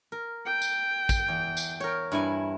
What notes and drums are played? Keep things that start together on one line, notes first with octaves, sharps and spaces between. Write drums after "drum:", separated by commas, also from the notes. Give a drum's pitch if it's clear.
A#4
G5
drum: tambourine
drum: kick A1, tambourine
E2
drum: tambourine
A#4 C#5
G2 E4 G#5